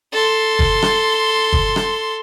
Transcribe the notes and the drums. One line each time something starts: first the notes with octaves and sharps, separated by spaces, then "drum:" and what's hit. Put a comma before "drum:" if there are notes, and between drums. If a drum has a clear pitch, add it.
A4 C6
drum: kick
drum: rim click
drum: kick
drum: rim click